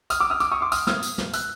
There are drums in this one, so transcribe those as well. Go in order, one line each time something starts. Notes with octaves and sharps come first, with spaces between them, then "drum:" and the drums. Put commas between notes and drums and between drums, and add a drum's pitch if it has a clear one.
D#6 F6, drum: tambourine
D6 E6
D#6 F6
D6 E6, drum: tambourine
C#6 D#6
C6 D6
D#6 F6, drum: tambourine
D#6 F6, drum: snare
drum: tambourine
drum: snare
E6 F#6, drum: tambourine